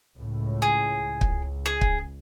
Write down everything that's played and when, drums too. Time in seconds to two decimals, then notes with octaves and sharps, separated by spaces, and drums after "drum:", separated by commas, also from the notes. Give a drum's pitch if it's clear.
0.17 C#2 A2
0.62 G#4
1.21 C#2, drum: kick
1.66 G#4
1.81 drum: kick